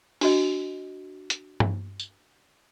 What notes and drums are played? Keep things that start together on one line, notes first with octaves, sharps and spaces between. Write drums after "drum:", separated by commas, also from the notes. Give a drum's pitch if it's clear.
D4 F#4 D#5, drum: open hi-hat
drum: hi-hat
drum: tom G2
drum: tambourine